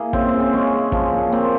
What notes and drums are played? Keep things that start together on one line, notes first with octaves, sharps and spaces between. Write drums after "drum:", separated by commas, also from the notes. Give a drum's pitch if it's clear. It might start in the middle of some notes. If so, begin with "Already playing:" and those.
Already playing: A#3 E4 G#4
C#3 C4, drum: kick
C4
C#3
C4
G#3 C#4
G#3
F3, drum: kick
A#2
A#3 C4